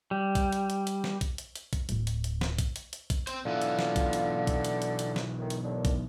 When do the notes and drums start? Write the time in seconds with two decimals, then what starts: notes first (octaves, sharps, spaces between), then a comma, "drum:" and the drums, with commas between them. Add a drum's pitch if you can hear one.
0.11 G3
0.35 drum: kick B1, hi-hat
0.52 drum: hi-hat
0.70 drum: hi-hat
0.87 drum: hi-hat
1.04 drum: snare
1.21 drum: kick B1, hi-hat
1.38 drum: hi-hat
1.56 drum: hi-hat
1.73 drum: kick B1, hi-hat
1.89 D1 A2, drum: hi-hat
2.07 drum: hi-hat
2.24 drum: hi-hat
2.41 drum: snare
2.59 drum: kick B1, hi-hat
2.76 drum: hi-hat
2.93 drum: hi-hat
3.10 drum: kick B1, hi-hat
3.27 C4 C5, drum: hi-hat
3.45 B1 D3 E3 F4 F5
3.62 drum: hi-hat
3.79 drum: snare
3.96 drum: kick B1, hi-hat
4.13 drum: hi-hat
4.47 drum: kick B1, hi-hat
4.65 drum: hi-hat
4.82 drum: hi-hat
4.99 drum: hi-hat
5.16 drum: snare
5.40 A2 D#3
5.50 drum: hi-hat
5.63 D#2 D3
5.85 drum: kick B1, hi-hat